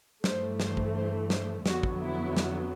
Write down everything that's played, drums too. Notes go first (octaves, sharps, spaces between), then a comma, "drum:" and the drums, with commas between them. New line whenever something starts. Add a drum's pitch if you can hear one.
G2 E3 A3 C5, drum: snare
C5, drum: snare
drum: kick
C5
C5, drum: snare
F2 D3 F#3 B3 F#4, drum: snare
drum: kick
E4
drum: snare